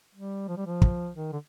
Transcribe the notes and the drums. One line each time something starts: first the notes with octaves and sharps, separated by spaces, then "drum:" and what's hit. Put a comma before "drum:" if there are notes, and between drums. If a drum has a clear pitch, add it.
G3
F3
G3
F3
drum: kick
D#3
D3